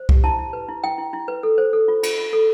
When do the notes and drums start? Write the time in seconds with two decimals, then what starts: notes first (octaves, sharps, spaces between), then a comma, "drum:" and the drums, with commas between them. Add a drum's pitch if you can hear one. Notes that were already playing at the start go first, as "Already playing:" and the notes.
Already playing: C5
0.09 G4, drum: kick C2
0.24 E4 A5
0.38 E4
0.53 B4
0.68 E4
0.84 E4 G5
0.98 E4
1.13 E4
1.28 B4
1.43 A4
1.58 C5
1.73 A4
1.88 F4
2.03 F4, drum: cymbal
2.18 F4
2.33 A4